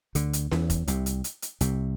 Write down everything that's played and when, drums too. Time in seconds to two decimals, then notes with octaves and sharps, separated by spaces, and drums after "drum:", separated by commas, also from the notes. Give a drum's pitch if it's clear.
0.15 D2 D3, drum: hi-hat
0.33 drum: hi-hat
0.51 E2 E3, drum: snare C#4
0.70 drum: kick F1, hi-hat
0.88 C2 C3, drum: hi-hat
1.06 drum: hi-hat
1.24 drum: hi-hat
1.42 drum: hi-hat
1.61 C2 C3, drum: hi-hat